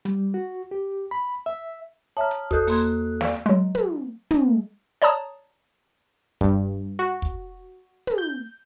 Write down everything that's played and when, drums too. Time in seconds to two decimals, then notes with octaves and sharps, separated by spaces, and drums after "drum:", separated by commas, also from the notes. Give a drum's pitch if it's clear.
0.05 G3, drum: hi-hat
0.34 F#4
0.71 G4
1.11 B5
1.46 E5
2.17 C#5 E5 A5 A#5 F6
2.31 drum: hi-hat
2.51 E2 F#4 A4 D#6 F#6 G6, drum: kick
2.67 A#3 C6 G#6, drum: open hi-hat
3.21 D5 F5, drum: snare
3.46 F#3 G#3
3.75 drum: tom
4.31 drum: tom
5.02 C#5 D5 A5 A#5 D#6
6.41 G2, drum: kick
6.99 F#4
7.22 drum: kick
8.07 drum: tom
8.18 G6